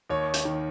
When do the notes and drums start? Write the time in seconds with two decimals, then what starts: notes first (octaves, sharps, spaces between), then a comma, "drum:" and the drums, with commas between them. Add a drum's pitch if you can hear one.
0.10 D#2 C#5
0.34 drum: hi-hat
0.45 D#3